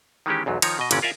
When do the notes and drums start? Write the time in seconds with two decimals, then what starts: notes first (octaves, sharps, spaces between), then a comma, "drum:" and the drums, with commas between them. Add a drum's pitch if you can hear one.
0.26 D#3 E3 G#3 C#4 G4
0.46 B1 E2 G#2 F#3
0.62 D#3 F3 D#4 C#5 A#5, drum: cymbal
0.79 B2 D#5
0.91 G1 A#2 D3 E3 C#4 D5, drum: cymbal
1.02 F4 A#4 D5 E5 F5 G#5